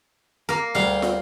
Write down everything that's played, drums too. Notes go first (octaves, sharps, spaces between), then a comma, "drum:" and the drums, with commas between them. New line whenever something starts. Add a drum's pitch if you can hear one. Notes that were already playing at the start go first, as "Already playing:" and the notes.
A#3 A#4
D2 G3 F5 F#5
drum: snare